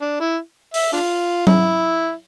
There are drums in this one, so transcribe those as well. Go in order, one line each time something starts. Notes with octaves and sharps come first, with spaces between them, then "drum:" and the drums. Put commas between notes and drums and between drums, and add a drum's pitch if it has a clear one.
D4
E4
E5, drum: open hi-hat
D4 F4
E4, drum: tom F#3